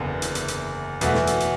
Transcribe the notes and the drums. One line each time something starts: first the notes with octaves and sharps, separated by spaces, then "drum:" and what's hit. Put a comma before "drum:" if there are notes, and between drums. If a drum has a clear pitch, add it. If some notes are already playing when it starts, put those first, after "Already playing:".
Already playing: F#1 E2 D3
drum: hi-hat
drum: hi-hat
drum: hi-hat
E2 B2 A3 F#4, drum: hi-hat
drum: snare
drum: hi-hat
drum: hi-hat